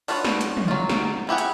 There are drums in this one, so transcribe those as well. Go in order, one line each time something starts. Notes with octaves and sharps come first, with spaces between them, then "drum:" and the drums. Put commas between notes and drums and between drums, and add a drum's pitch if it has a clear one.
D4 F4 F#4 B4 C#5, drum: open hi-hat
drum: snare
drum: hi-hat
drum: tom
F#3 F4
drum: snare
E4 G4 G#4 F#5
drum: hi-hat